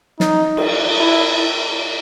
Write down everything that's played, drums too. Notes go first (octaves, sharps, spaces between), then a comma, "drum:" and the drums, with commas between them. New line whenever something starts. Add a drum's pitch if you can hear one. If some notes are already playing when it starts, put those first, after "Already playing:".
D#4, drum: snare
drum: cymbal
E4